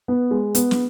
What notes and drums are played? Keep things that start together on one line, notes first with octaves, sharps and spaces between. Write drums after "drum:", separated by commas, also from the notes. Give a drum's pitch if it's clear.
B3
G#3
B3, drum: hi-hat
drum: snare